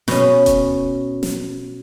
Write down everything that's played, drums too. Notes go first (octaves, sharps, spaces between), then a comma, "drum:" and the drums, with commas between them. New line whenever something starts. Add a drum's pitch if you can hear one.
B2 C#4, drum: snare
drum: kick E1, hi-hat
drum: snare